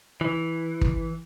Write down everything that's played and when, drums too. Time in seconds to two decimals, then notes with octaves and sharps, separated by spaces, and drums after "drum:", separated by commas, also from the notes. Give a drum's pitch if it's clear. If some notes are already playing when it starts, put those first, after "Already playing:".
0.21 E3
0.81 drum: kick